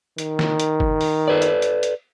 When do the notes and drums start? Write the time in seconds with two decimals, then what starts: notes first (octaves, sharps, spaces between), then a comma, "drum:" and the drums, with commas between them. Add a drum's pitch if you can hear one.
0.18 D#3, drum: hi-hat
0.39 drum: snare
0.60 drum: hi-hat
0.80 drum: kick G1
1.01 drum: open hi-hat
1.28 A4 B4 D5
1.42 drum: hi-hat
1.62 drum: hi-hat
1.83 drum: hi-hat